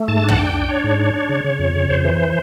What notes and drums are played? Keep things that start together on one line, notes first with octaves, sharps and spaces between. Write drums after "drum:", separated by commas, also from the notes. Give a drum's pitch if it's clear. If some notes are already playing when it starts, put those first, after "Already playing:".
Already playing: A3
G#2 A5
D4
F#5, drum: tom
D4 G5
D4
D4 C#5
G#2
D4
D4
C#3
C#3
F2
C#3
F2 C5
E3